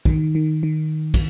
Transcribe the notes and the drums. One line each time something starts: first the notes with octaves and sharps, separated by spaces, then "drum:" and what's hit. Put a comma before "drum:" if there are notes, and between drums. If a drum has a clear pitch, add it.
D#3, drum: kick
D#3
D#3
drum: kick, cymbal